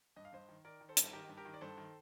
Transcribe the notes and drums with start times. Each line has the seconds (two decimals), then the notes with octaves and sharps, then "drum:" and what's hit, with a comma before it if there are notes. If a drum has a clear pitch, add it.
0.16 G2 D#5
0.25 F5
0.33 G2 C5 D#5
0.49 D#3
0.65 D#3 A#4 D5
0.81 D#3
0.89 A4 C5
0.97 G2, drum: hi-hat
1.13 D#3 G4 A#4
1.29 G2
1.37 G4 A#4
1.45 D#3
1.54 D5
1.61 G2 A4 C5
1.78 D#3